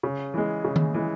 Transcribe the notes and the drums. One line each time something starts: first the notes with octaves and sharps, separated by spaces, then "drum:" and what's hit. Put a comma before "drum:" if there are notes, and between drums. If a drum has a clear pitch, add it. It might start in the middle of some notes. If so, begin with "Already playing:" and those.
C#3
E3 G#3
C#3
drum: tom D#3
E3 G#3